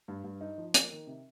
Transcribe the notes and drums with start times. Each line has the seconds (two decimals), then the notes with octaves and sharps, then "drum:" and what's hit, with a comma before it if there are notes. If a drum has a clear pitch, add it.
0.08 G2
0.24 G2
0.41 D#4
0.58 F3
0.74 A#3, drum: hi-hat
0.91 D#3
1.07 C3